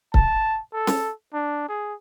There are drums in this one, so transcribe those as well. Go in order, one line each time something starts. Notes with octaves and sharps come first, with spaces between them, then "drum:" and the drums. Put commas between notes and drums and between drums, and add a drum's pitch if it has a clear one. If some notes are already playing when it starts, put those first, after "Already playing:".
A5, drum: kick C#1
A4
drum: snare C#4
D4
G#4